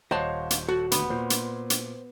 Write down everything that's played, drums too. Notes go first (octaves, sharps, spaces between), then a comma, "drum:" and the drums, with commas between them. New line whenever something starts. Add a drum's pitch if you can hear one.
D#1 C5 C#5 D#5 F5 F#5 A5
drum: hi-hat
F#4 A4
D2 B3, drum: hi-hat
A#2 C5
drum: hi-hat
drum: hi-hat